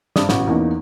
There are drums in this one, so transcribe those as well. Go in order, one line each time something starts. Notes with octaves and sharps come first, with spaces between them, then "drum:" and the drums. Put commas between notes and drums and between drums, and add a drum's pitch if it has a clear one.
G2 C4 D4 D5 D#6, drum: snare
A1 B2, drum: snare
E2 E3 A#3 C#4 D#4